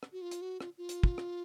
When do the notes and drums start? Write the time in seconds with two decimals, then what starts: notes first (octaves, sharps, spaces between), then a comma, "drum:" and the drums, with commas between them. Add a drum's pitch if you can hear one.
0.03 drum: rim click
0.12 F#4
0.22 F4
0.31 drum: hi-hat
0.42 F#4
0.61 F4, drum: rim click
0.78 F4
0.89 drum: hi-hat
1.03 drum: kick
1.18 drum: rim click